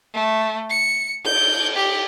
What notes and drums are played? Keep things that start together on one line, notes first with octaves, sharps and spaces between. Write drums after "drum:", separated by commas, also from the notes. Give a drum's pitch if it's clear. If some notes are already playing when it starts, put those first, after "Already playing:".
A3
C#7
G6, drum: cymbal
G4